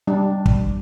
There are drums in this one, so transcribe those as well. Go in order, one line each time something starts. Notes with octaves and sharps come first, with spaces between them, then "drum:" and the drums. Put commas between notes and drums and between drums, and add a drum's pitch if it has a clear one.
G3 D4
drum: kick